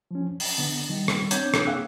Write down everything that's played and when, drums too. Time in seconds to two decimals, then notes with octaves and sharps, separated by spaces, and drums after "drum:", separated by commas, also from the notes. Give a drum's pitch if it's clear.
0.11 F3 C#4
0.30 F#2
0.40 drum: open hi-hat
0.58 D3 B3
0.89 D#3 G3
1.08 drum: rim click
1.31 C4 D4 C#5 D6 G6 G#6, drum: hi-hat
1.54 drum: rim click
1.66 A#3 G#4 F5 G5 E6 F#6